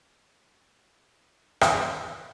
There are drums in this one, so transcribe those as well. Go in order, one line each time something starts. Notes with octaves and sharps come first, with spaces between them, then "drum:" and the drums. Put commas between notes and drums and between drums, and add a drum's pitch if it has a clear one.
D#4 F4 F#4 B4 C5 D5
A#3 B3 F#5 A#5 D#6 A#6
F#1 G#4 A6 A#6
drum: rim click
B2 D#3 F#4 G4